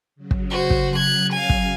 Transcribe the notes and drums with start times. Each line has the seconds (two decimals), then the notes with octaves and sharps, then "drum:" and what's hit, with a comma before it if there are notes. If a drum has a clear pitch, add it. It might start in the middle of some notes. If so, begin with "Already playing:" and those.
0.16 C#3 F#3
0.31 drum: kick
0.51 F#4 C5
0.70 drum: kick
0.96 F#6 G#6
1.33 F5 G#5
1.49 drum: kick